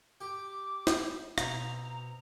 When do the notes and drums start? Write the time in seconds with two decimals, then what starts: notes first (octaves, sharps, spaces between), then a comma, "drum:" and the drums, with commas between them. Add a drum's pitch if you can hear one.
0.21 G4 D6
0.87 drum: snare
1.38 B2 C4 A#5, drum: rim click